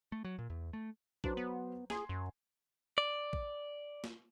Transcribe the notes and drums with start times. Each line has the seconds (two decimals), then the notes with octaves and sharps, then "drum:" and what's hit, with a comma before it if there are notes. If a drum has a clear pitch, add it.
0.12 A3
0.25 F#3
0.39 A#2
0.50 E2
0.73 A3
1.24 F#3 D4 B4 C5, drum: kick A1
1.37 B3
1.90 G#4 G#5 C6, drum: snare
2.09 F#2
2.98 D5
3.33 drum: kick A1
4.04 drum: snare